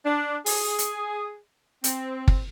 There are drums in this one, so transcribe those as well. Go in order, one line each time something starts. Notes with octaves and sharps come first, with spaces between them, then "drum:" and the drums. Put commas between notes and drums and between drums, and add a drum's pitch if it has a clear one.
D4
G#4, drum: open hi-hat
drum: hi-hat
C4, drum: hi-hat
drum: kick